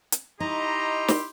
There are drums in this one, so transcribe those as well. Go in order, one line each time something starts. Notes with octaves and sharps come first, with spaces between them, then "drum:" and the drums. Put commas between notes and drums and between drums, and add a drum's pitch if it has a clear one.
drum: hi-hat
D#4 E4 G4 D#5 A#5 C6
drum: snare